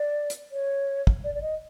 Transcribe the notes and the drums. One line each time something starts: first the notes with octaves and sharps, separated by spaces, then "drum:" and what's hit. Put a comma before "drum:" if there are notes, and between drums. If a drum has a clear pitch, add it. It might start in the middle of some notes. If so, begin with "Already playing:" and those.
Already playing: D5
drum: hi-hat
C#5
drum: kick
D5
D5
D#5